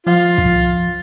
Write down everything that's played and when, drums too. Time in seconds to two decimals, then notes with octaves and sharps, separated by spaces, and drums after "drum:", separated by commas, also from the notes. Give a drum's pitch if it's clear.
0.07 F3 F4 F5
0.38 drum: kick